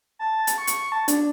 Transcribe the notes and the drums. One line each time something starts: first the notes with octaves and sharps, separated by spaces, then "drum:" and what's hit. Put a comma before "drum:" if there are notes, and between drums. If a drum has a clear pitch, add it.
A5
drum: hi-hat
C#6
drum: hi-hat
A5
D4, drum: hi-hat